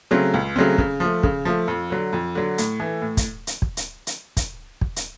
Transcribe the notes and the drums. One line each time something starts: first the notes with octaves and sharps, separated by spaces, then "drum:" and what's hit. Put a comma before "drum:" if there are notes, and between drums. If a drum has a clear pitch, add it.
C#3 F#3 A3 C4
C#2
C#3 F#3 A3 C4
C#3, drum: kick
F3 A3
C#3, drum: kick
F3 A3
F2
D3 F#3
F2
D3 F#3
A2, drum: hi-hat
E3 A3
A2
drum: kick, hi-hat
drum: hi-hat
drum: kick
drum: hi-hat
drum: hi-hat
drum: kick, hi-hat
drum: kick
drum: hi-hat